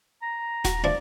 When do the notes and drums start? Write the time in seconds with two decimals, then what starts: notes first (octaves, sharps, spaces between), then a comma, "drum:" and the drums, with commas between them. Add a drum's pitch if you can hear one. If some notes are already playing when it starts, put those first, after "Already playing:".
0.22 A#5
0.65 F#4, drum: snare D#1
0.84 F3 D4 E4 D5